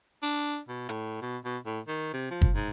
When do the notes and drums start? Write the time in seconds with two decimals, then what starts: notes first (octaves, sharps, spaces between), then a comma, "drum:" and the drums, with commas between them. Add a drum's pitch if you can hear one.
0.23 D4
0.68 B2
0.89 A2, drum: hi-hat
1.22 B2
1.45 B2
1.66 A2
1.88 D#3
2.13 C3
2.31 F3
2.41 drum: kick
2.55 G#2